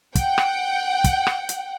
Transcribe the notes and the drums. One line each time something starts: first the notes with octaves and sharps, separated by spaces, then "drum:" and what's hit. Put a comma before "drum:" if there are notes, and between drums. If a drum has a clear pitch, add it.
F#5 G5, drum: kick, hi-hat
drum: rim click
drum: kick, hi-hat
drum: rim click
drum: hi-hat